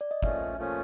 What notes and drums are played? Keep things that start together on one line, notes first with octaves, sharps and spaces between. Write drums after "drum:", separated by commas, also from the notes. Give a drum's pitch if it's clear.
D5
D#5
A#2 F3 A3 C#4 E5, drum: kick
A#2 F3 A3 C#4